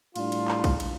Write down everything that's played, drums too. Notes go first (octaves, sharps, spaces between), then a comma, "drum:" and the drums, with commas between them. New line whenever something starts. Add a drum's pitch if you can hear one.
A2 G3 D4 F4, drum: cymbal
drum: cymbal
drum: clap
drum: kick, cymbal
drum: cymbal